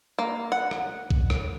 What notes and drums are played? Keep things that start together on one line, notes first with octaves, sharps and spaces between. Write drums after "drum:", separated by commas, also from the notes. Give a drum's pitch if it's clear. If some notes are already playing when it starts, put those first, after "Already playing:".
A#3
F#5
drum: rim click
drum: kick B1
drum: rim click